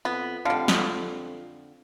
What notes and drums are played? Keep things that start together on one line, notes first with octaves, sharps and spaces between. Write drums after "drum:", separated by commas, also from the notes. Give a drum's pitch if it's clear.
F2 B3
F2 D3 G3 F5
drum: snare